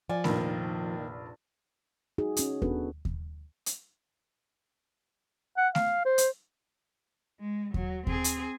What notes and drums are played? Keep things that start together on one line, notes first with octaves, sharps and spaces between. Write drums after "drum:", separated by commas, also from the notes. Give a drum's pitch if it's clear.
F3 D5 G#5
F1 A#1 D#3 A#3 B5, drum: snare A3
D#4 F#4 G#4
C#4 F#4, drum: hi-hat
B3 C#4 D4 F#4 A4 B4, drum: kick D#2
drum: kick D#2
drum: hi-hat
F#5
F5, drum: snare A3
C5
drum: hi-hat
G#3
F#3, drum: kick D#2
C4 G#4, drum: kick D#2
drum: hi-hat